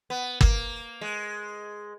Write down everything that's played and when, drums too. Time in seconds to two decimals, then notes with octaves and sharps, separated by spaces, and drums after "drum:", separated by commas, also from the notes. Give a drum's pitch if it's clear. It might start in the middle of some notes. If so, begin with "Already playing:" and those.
0.10 B3
0.41 A#3, drum: kick
1.01 G#3